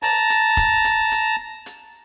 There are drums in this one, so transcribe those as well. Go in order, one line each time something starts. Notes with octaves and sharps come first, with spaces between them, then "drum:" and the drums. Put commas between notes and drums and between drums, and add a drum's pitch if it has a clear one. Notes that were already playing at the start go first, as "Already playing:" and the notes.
A5 A#5, drum: open hi-hat
drum: hi-hat
drum: kick, hi-hat
drum: hi-hat
drum: hi-hat
drum: hi-hat